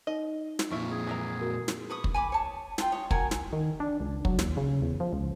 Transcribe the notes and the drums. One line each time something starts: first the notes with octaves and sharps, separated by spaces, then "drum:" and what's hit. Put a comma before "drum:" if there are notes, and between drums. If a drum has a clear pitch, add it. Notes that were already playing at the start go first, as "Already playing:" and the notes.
D#4 D#5
drum: snare
F2 A#2 E4 F4 C#6
G#4
E3 A#3 A#5
F#4 A#4
drum: snare
B4 C#6 D#6
drum: kick
G#5 B5 D6
C#5 A5
F4 G5, drum: snare
C#5 D#5
F#4 A#4 G#5, drum: kick
drum: snare
D#3
D4
C#2
F#3, drum: kick
D#2, drum: snare
C#3
E2
F3
C#2